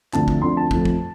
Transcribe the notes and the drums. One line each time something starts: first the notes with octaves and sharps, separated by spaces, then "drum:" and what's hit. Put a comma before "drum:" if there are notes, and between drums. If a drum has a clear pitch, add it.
D2 D3 F3 A3 C4 A5, drum: clap
drum: kick
D2 D3 F3 C4 C6
A5
F2 F3 A3 C4, drum: kick
drum: kick